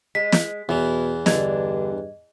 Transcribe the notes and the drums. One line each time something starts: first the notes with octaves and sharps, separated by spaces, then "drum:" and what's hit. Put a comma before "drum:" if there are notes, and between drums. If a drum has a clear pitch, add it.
G#3 B6
drum: snare
E2 B2 E3 E4
G2 D3 D4 D#5, drum: snare